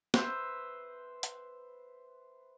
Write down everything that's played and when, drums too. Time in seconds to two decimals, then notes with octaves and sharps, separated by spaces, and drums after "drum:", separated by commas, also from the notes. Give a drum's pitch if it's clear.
0.14 B4 C5 E5, drum: snare
1.23 drum: hi-hat